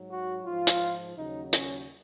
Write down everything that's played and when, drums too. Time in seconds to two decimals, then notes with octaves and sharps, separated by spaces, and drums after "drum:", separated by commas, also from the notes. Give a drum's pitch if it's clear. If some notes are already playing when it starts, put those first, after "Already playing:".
Already playing: G#2 F#3
0.10 F#4
0.45 G#2 F3 F4
0.67 drum: hi-hat
1.17 D#2 C#3 F#3 D#4
1.53 C#4, drum: hi-hat